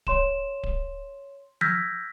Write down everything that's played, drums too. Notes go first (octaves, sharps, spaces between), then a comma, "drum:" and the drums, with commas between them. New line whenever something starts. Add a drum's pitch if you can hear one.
C#5 C6 E7, drum: kick D1
drum: kick D1
E6 F6 G6 G#6 A#6 B6, drum: tom F3